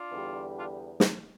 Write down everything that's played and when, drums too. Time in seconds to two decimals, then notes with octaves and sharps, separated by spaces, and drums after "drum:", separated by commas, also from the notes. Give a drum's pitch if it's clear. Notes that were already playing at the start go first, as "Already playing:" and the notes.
Already playing: D4 F4
0.12 E2 D3 G3
0.57 D4 F4
1.00 drum: snare